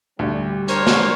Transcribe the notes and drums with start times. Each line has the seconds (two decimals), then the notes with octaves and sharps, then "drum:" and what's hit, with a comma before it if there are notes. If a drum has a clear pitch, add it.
0.19 D2 G3
0.68 D4 A#4 C5 C#5, drum: hi-hat
0.87 drum: snare